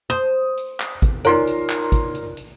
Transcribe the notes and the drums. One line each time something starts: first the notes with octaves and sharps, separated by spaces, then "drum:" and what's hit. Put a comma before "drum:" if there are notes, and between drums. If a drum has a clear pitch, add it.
C5 D#6
drum: hi-hat
drum: clap
drum: kick, hi-hat
D#4 F4 A#4 C#5 D5 C6, drum: hi-hat
drum: hi-hat
drum: clap
drum: kick, hi-hat
drum: hi-hat
drum: hi-hat